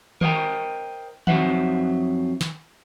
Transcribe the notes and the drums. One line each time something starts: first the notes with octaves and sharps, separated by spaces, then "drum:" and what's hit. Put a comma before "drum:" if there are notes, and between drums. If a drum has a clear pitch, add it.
A#4 C5 D#5 F5 G5 A#5, drum: tom D#3
F2 F#3 D#4 C5 E5 F#5, drum: tom D#3
drum: snare